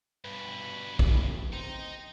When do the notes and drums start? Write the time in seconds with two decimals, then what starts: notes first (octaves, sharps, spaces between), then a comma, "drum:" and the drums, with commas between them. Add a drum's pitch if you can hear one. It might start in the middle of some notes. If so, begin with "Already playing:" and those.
0.25 G2 B2 B4
0.99 drum: kick
1.53 C4 D#4